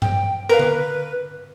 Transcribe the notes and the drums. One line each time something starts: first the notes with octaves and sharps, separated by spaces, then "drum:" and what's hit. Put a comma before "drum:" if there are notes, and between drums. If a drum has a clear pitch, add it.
G5, drum: tom G2
A#4 B4 F5
drum: tom D3